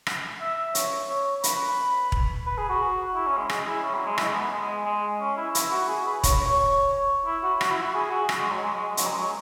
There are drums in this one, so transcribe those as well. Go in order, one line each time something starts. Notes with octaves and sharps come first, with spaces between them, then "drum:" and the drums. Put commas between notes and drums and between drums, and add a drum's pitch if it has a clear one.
drum: rim click
E5
C#5, drum: hi-hat
C#5
B4, drum: hi-hat
drum: kick E1
B4
G#4
F#4
E4
C#4
G#3
G#4, drum: rim click
E4
C#4
F#3
G#3
E4, drum: rim click
G#3
B3
G#3
G#3
C#4
E4
E4, drum: hi-hat
F#4
G#4
B4
C#5, drum: kick E1, hi-hat
C#5
C#5
E4
F#4
F#4, drum: rim click
E4
F#4
G#4
F#4
drum: rim click
G#3
F#3
G#3
G#3
F#3, drum: hi-hat
G#3
F#3